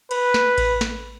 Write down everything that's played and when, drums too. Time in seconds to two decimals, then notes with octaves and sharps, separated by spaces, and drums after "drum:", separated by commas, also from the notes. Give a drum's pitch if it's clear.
0.11 B4, drum: cymbal
0.34 drum: snare
0.58 drum: kick A1, cymbal
0.81 drum: snare